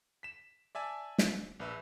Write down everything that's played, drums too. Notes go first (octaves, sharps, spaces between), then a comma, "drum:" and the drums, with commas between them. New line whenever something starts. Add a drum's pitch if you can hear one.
B6 E7
D5 E5 G#5 A5
drum: snare
A#1 B4 E5